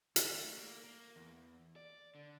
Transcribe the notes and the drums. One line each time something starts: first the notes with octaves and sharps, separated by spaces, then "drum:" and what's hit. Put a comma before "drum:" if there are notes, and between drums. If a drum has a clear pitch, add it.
D#2, drum: hi-hat
A3
A#3
A#3
E2
D5
D3